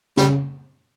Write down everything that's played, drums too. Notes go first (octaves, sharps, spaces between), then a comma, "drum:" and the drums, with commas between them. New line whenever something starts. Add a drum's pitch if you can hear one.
C#3 G3, drum: snare